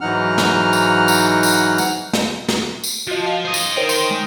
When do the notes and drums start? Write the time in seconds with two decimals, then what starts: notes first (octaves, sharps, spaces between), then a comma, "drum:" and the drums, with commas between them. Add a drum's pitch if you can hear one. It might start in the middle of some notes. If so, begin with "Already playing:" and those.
0.01 G#2 E3 F#3 D#4 F#5 F6
0.38 drum: snare
0.73 drum: tambourine
1.08 drum: tambourine
1.43 drum: tambourine
1.78 drum: tambourine
2.13 drum: snare
2.48 drum: snare
2.84 drum: tambourine
3.07 F3 F#4 D#5
3.26 F5
3.45 C5 D#5
3.54 drum: tambourine
3.77 D#3 A#4 C5 C#5 G5
3.89 C6, drum: tambourine
4.11 G#3